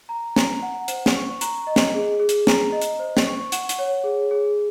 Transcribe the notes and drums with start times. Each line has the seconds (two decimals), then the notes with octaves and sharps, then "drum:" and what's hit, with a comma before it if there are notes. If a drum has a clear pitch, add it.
0.09 A#5
0.36 A#5, drum: snare
0.62 F#5
0.88 C5, drum: hi-hat
1.06 drum: snare
1.15 C#6
1.41 A#5, drum: hi-hat
1.67 D#5
1.76 drum: snare
1.94 G#4
2.20 G#4
2.29 drum: hi-hat
2.47 A#5, drum: snare
2.72 D#5
2.82 drum: hi-hat
2.99 C5
3.17 drum: snare
3.26 C#6
3.52 F#5, drum: hi-hat
3.69 drum: hi-hat
3.79 C#5
4.04 G#4
4.31 G#4